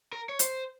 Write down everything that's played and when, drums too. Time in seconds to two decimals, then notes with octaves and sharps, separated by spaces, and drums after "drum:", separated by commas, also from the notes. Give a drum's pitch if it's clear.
0.13 A#4
0.29 C#5
0.39 C5, drum: hi-hat